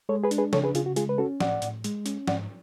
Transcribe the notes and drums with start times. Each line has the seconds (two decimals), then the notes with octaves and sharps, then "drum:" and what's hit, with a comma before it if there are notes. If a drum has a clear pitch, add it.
0.09 G#3 A4 C#5
0.24 G#4 B4
0.31 D4, drum: hi-hat
0.38 G#4 B4
0.53 C#3 A4 C#5, drum: snare
0.64 G#4 B4
0.75 C#3 F4 G#4, drum: hi-hat
0.86 F#4
0.96 G#3 F4 G#4, drum: hi-hat
1.09 B4
1.18 C#4 F#4 A4
1.40 A2 D5 F#5, drum: snare
1.62 A2, drum: hi-hat
1.84 G#3, drum: hi-hat
2.06 C#4, drum: hi-hat
2.27 G#2 D5 F#5, drum: snare